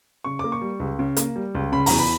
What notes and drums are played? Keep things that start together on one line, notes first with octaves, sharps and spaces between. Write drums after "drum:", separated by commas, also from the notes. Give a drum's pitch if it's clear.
C#3 C#6
A#3 D6
C#6
G3
C#2
C#3
A#3, drum: hi-hat
G3
C#2
C#3 B5
E2 A#5, drum: open hi-hat
B5